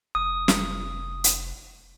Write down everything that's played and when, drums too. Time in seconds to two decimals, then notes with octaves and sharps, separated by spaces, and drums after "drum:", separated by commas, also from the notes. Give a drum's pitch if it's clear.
0.15 F1 D#6
0.48 drum: snare
1.24 drum: hi-hat